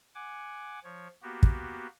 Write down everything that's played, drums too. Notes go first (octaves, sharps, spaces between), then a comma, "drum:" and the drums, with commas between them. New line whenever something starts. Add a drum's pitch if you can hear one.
F#5 G#5 D6
F3 C#5
A#3 B3 F#4 G4
drum: kick